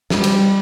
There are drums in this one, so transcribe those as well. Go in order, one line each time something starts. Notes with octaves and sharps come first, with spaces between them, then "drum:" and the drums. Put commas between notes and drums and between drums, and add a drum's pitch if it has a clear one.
G3, drum: snare
drum: cymbal